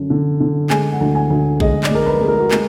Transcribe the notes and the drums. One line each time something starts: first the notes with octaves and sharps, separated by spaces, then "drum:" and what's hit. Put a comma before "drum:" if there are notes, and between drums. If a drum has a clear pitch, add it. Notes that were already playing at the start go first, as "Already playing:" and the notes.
Already playing: F#2 D3
D3
D3
G#3 G#5, drum: clap
F#5
D2
G#5
D2
G#3 D#5, drum: kick A#1
D5, drum: clap
G#3 A#4
B4
G#3
A#4
F#4
G#3 G#4, drum: clap